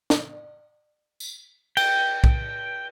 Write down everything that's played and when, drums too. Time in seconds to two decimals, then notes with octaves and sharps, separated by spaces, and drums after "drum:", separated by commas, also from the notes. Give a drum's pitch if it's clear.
0.10 drum: snare
1.20 drum: tambourine
1.77 G5, drum: cymbal
2.24 drum: kick B1